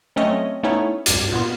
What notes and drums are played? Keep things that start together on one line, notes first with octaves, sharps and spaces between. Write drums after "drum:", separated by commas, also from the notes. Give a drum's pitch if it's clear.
F#3 A3 C4 C#4 C#5 D#5
A3 B3 C#4 D#4 E4 C#5
C2 G2 D6, drum: hi-hat
A#2 B3 F4